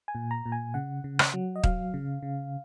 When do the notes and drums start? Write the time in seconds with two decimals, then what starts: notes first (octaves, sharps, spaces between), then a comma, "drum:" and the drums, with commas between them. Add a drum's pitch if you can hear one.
0.08 G#5
0.15 A#2
0.31 A#5
0.46 A#2
0.52 G#5
0.74 C#3 F#5
1.04 C#3
1.19 drum: rim click
1.34 F#3
1.56 D#5
1.64 F#3 F5, drum: kick D#1
1.94 C#3
2.22 C#3